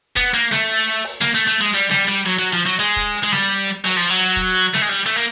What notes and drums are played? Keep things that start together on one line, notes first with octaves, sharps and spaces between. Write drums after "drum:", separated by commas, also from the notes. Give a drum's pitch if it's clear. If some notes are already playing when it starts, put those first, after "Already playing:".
B3, drum: kick, hi-hat
A#3, drum: hi-hat
A3, drum: snare
drum: hi-hat
drum: hi-hat
drum: open hi-hat
A#3, drum: snare
A3
A3
G#3
G3, drum: hi-hat
G3, drum: snare
G3, drum: hi-hat
F#3, drum: hi-hat
F#3
F3
F#3
G#3, drum: hi-hat
drum: kick, hi-hat
drum: hi-hat
G#3
G3, drum: snare
drum: hi-hat
drum: hi-hat
F#3, drum: open hi-hat
F3
F#3
drum: hi-hat
drum: kick, hi-hat
drum: hi-hat
A3, drum: snare
G#3
G3, drum: hi-hat
A3, drum: hi-hat
A#3